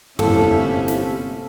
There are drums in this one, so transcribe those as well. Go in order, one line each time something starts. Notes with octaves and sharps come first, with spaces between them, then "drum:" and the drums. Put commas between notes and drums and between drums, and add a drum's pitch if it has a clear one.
G1 A2 C3 A#3 C#4 E4 A4, drum: tom
drum: snare